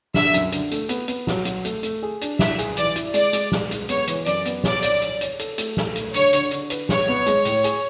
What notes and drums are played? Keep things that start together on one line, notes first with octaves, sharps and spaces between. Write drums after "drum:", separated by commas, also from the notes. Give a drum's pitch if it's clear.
D3 E5, drum: snare
F#2, drum: hi-hat
D3, drum: hi-hat
A3, drum: hi-hat
B3, drum: hi-hat
B3, drum: hi-hat
F#3, drum: snare
F#3, drum: hi-hat
A3, drum: hi-hat
A3, drum: hi-hat
G#4
D4, drum: hi-hat
E4 E5, drum: snare
G#4, drum: hi-hat
E3 D5, drum: hi-hat
E4, drum: hi-hat
G#3 D5, drum: hi-hat
G#3, drum: hi-hat
G#3, drum: snare
G#3, drum: hi-hat
B3 C#5, drum: hi-hat
E3, drum: hi-hat
F#2 D5, drum: hi-hat
B3, drum: hi-hat
C#5 D5, drum: snare
C#5, drum: hi-hat
C#5, drum: hi-hat
C#5, drum: hi-hat
A4, drum: hi-hat
A3, drum: hi-hat
A4, drum: snare
A3, drum: hi-hat
D3 C#5, drum: hi-hat
D3, drum: hi-hat
D3, drum: hi-hat
B4, drum: hi-hat
G#3 C#5, drum: snare
B3
G#3, drum: hi-hat
A2, drum: hi-hat
G#4, drum: hi-hat